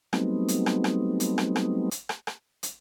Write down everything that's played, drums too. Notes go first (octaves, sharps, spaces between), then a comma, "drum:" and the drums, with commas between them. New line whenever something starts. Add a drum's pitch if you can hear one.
F#3 G3 A3 B3 C4 D#4, drum: rim click
drum: hi-hat
drum: rim click
drum: rim click
drum: hi-hat
drum: rim click
drum: rim click
drum: hi-hat
drum: rim click
drum: rim click
drum: hi-hat